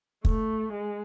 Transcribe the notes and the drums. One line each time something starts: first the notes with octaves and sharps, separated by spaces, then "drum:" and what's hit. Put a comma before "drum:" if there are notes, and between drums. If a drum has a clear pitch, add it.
A3, drum: kick
G#3